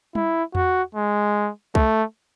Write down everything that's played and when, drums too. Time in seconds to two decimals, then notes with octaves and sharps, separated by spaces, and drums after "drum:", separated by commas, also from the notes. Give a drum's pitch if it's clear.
0.15 E4, drum: tom
0.55 F#4, drum: tom E2
0.95 G#3
1.75 A3, drum: kick B1